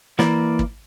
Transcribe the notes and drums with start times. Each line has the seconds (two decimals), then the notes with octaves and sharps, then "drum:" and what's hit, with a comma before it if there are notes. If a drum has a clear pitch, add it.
0.19 E3 A#3 E4 D5, drum: snare
0.59 drum: kick